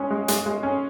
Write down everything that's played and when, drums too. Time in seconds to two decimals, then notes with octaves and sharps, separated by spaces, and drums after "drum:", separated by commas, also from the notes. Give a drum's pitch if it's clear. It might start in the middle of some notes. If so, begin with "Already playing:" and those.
Already playing: G#3 C#4
0.11 G#3
0.28 G#3, drum: hi-hat
0.46 G#3
0.63 C#4